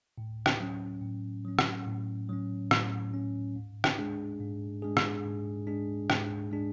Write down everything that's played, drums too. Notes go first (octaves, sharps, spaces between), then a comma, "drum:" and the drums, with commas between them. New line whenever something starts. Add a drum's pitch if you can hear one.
A2
drum: rim click
F#3 C#4
A2
F#3 C#4
drum: rim click
A2
F#3 C#4
A2, drum: rim click
F#3 C#4
G#2
drum: rim click
G#3 D4 G#4
G#2
G#3 D4 G#4
drum: rim click
G#2
G#3 D4 G#4
G#2, drum: rim click
G#3 D4 G#4